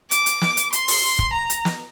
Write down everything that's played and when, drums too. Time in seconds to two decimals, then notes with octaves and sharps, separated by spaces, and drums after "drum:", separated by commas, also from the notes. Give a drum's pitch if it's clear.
0.11 D6, drum: hi-hat
0.26 drum: hi-hat
0.41 drum: snare
0.57 drum: hi-hat
0.73 C6, drum: hi-hat
0.88 drum: open hi-hat
1.19 drum: kick
1.34 A#5
1.50 drum: hi-hat
1.65 drum: snare